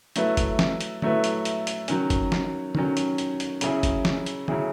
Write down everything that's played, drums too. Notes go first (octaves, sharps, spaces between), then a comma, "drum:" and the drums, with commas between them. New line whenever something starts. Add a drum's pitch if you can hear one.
F#3 A3 E4 B4, drum: hi-hat
drum: kick, hi-hat
drum: snare
drum: hi-hat
F#3 A3 E4 B4, drum: tom D#3
drum: hi-hat
drum: hi-hat
drum: hi-hat
D#3 F#3 C#4, drum: hi-hat
drum: kick, hi-hat
drum: snare
D#3 F#3 C#4, drum: tom D#3
drum: hi-hat
drum: hi-hat
drum: hi-hat
C#3 F#3 C#4 E4 G#4, drum: hi-hat
drum: kick, hi-hat
drum: snare
drum: hi-hat
C#3 F#3 C#4 E4 G#4, drum: tom D#3